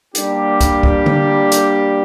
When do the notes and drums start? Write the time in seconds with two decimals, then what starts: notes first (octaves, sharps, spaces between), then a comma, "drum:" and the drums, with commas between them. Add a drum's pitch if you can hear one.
0.15 G3 A#3 D4 G4, drum: hi-hat
0.61 drum: kick, hi-hat
0.83 drum: kick
1.06 drum: tom D3
1.52 drum: hi-hat